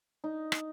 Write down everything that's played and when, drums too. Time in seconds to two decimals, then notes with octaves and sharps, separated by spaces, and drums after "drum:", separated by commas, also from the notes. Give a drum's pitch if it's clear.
0.24 D#4
0.52 drum: rim click